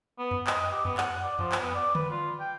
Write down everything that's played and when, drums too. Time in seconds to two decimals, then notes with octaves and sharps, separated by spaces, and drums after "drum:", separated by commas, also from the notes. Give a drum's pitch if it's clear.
0.19 B3
0.31 drum: tom F2
0.47 D#5, drum: clap
0.72 G4
0.85 B3, drum: tom F2
0.97 F#5, drum: clap
1.23 D5
1.39 F3, drum: tom F2
1.52 drum: clap
1.61 B3
1.75 D5
1.95 B4, drum: tom D3
2.10 F4
2.40 G5